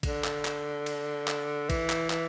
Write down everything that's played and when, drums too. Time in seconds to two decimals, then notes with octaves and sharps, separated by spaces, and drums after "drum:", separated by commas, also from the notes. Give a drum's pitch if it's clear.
0.03 D3, drum: kick, cymbal
0.24 drum: clap
0.45 drum: clap
0.86 drum: cymbal
1.28 drum: clap
1.70 E3, drum: kick, cymbal
1.90 drum: clap
2.10 E3, drum: clap